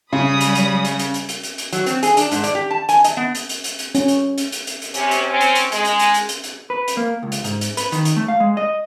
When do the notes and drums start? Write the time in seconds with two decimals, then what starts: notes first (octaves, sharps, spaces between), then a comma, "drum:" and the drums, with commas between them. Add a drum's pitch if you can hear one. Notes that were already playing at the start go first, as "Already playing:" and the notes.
0.13 C#3 G3 B5 D#6
0.41 drum: hi-hat
0.55 drum: hi-hat
0.85 drum: hi-hat
0.99 drum: hi-hat
1.14 drum: hi-hat
1.29 drum: hi-hat
1.43 drum: hi-hat
1.58 drum: hi-hat
1.73 F#3, drum: hi-hat
1.86 C4, drum: hi-hat
2.03 G#4, drum: hi-hat
2.17 D4, drum: hi-hat
2.32 G#2, drum: hi-hat
2.44 D5, drum: hi-hat
2.55 G4
2.71 A5
2.89 G#5, drum: hi-hat
3.04 D#5, drum: hi-hat
3.17 B3
3.35 drum: hi-hat
3.49 drum: hi-hat
3.64 drum: hi-hat
3.79 drum: hi-hat
3.95 C#4, drum: hi-hat
4.08 drum: hi-hat
4.38 drum: hi-hat
4.52 drum: hi-hat
4.67 drum: hi-hat
4.82 drum: hi-hat
4.94 C3 C#4, drum: hi-hat
5.11 drum: hi-hat
5.29 C4 C#4
5.41 drum: hi-hat
5.55 drum: hi-hat
5.72 G#3, drum: hi-hat
5.85 drum: hi-hat
5.99 drum: hi-hat
6.14 drum: hi-hat
6.29 drum: hi-hat
6.44 drum: hi-hat
6.70 B4
6.88 drum: hi-hat
6.97 A#3
7.23 C#2
7.32 drum: hi-hat
7.44 G#2, drum: hi-hat
7.61 drum: hi-hat
7.77 B4, drum: hi-hat
7.92 D#3, drum: hi-hat
8.05 drum: hi-hat
8.16 A3
8.28 F5
8.40 G#3
8.57 D#5